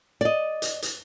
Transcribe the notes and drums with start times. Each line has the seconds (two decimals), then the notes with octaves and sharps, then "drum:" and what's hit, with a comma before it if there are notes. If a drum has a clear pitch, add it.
0.21 D5 D#5
0.62 drum: hi-hat
0.82 drum: hi-hat